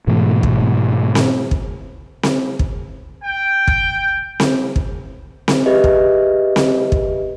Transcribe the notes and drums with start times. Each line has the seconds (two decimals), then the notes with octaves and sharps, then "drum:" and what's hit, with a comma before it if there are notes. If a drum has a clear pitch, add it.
0.07 G#2 B2 E3 A3
0.43 drum: kick
1.15 drum: snare C4
1.51 drum: kick
2.23 drum: snare C4
2.59 drum: kick
3.24 G5
3.68 drum: kick
4.40 drum: snare C4
4.76 drum: kick
5.48 drum: snare C4
5.66 G4 G#4 B4 D#5 E5
5.84 drum: kick
6.56 drum: snare C4
6.92 drum: kick